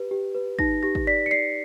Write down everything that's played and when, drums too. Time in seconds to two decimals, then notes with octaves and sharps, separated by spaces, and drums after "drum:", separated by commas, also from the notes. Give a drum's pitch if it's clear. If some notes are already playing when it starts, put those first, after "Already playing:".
Already playing: G4 B4
0.11 G4
0.35 B4
0.59 D#4 A#6, drum: kick
0.83 G4 A#6
0.95 drum: kick
1.07 D5 B6
1.26 C#7
1.31 D5 C7